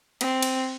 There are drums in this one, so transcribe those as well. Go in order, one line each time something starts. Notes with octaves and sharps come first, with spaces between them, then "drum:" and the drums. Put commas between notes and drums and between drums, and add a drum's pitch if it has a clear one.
C4, drum: cymbal
drum: cymbal